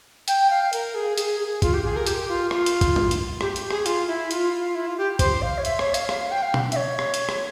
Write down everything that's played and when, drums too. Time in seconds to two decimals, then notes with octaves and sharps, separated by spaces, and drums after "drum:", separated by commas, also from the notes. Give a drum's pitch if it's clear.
0.28 G5, drum: hi-hat
0.50 F5
0.73 A#4, drum: hi-hat
0.95 G#4
1.18 G#4, drum: hi-hat
1.40 G#4
1.62 F4, drum: kick, hi-hat
1.74 G4
1.84 G#4
1.96 A#4
2.07 G4, drum: hi-hat
2.29 F4
2.51 F4, drum: rim click
2.66 drum: hi-hat
2.81 drum: kick, hi-hat
2.96 drum: tom
3.11 drum: hi-hat
3.41 G4, drum: rim click
3.56 drum: hi-hat
3.71 G#4, drum: rim click
3.86 F4, drum: hi-hat
4.08 E4
4.31 F4, drum: hi-hat
4.53 F4
4.75 E4
4.86 F4
4.98 G4
5.19 C5, drum: kick, hi-hat
5.42 F5
5.58 C#5
5.65 E5, drum: hi-hat
5.79 C#5, drum: rim click
5.94 F5, drum: hi-hat
6.09 F5, drum: rim click
6.21 F5
6.31 G5
6.42 F5
6.54 drum: tom
6.72 E5, drum: hi-hat
6.76 C#5
6.99 drum: rim click
7.14 drum: hi-hat
7.29 drum: rim click